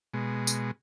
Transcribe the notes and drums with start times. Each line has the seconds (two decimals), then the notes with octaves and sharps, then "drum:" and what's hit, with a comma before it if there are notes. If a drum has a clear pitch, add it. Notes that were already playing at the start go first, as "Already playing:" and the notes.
0.14 B2 G#3
0.47 drum: tambourine